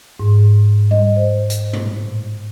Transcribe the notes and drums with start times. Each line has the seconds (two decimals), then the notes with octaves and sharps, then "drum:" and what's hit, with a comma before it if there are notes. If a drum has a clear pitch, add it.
0.20 G#2
0.91 D#5, drum: tom G3
1.16 C5
1.50 drum: hi-hat
1.73 drum: tom A2